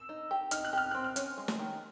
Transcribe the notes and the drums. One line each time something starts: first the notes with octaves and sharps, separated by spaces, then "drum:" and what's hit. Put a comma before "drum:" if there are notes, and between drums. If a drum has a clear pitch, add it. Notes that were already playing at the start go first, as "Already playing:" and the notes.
Already playing: E6
D#4
G4
D#4 F6, drum: hi-hat
F#6
G4 F6
C4 F#6
F6
C#4, drum: hi-hat
G#3
drum: snare
D#3